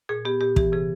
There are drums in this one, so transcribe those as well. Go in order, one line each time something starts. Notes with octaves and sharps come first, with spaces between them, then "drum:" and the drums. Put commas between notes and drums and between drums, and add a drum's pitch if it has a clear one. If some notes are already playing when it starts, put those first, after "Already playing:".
A#2 G#4
B3 G4
A#2 G4
E3 G4, drum: kick
C3 G#4